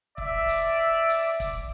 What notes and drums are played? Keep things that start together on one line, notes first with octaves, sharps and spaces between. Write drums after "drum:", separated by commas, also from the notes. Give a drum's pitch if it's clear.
D5 E5, drum: kick
drum: hi-hat
drum: hi-hat
drum: kick, hi-hat